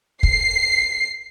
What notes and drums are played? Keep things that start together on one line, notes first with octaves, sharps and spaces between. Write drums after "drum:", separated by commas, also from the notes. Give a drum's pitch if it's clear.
C7, drum: kick